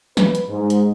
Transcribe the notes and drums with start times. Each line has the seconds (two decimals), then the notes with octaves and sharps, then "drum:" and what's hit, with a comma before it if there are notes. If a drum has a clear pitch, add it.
0.17 B4, drum: snare
0.35 drum: hi-hat
0.49 G#2
0.70 drum: hi-hat